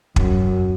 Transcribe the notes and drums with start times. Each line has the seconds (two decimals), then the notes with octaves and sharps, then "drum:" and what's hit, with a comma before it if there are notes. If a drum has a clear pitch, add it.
0.16 F#2, drum: kick